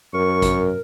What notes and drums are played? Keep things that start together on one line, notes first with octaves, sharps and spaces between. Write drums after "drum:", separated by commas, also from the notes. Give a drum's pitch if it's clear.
F#2 A#4 C#6
drum: kick A1, hi-hat